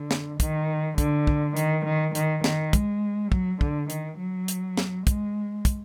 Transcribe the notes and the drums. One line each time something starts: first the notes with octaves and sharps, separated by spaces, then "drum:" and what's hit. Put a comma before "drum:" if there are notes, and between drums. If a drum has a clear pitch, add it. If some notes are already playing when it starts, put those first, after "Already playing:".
Already playing: D3
drum: snare
D#3, drum: kick, hi-hat
D3, drum: kick, hi-hat
drum: kick
D#3, drum: hi-hat
D#3
D#3, drum: hi-hat
D#3, drum: snare
G#3, drum: kick, hi-hat
F#3, drum: kick
D3, drum: kick
D#3, drum: hi-hat
F#3
drum: hi-hat
drum: snare
G#3, drum: kick, hi-hat
drum: kick, hi-hat